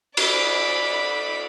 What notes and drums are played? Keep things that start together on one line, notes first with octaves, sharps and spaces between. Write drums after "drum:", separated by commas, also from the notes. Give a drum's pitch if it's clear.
D5 B5, drum: cymbal